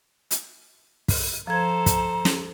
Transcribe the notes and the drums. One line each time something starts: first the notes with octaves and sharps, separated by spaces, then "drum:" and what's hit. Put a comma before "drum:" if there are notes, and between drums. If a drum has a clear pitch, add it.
drum: hi-hat
drum: kick, open hi-hat
F3 A4 C5 A#5 G#6
drum: kick, hi-hat
drum: snare